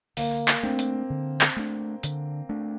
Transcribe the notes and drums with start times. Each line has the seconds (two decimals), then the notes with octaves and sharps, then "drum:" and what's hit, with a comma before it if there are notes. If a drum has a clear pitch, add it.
0.17 D3 A#3, drum: open hi-hat
0.48 drum: clap
0.63 A3 C4 D4
0.79 drum: hi-hat
1.10 D3
1.41 drum: clap
1.57 A3 D4
2.03 D3, drum: hi-hat
2.49 A3 D4